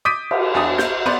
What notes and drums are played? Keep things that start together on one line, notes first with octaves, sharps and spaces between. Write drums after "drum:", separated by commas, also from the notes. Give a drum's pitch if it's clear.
D6 D#6 G6 B6 D7 D#7
drum: cymbal
E2 D4 G4 G#5 D#6
G6, drum: snare
B3 B4 C5 D5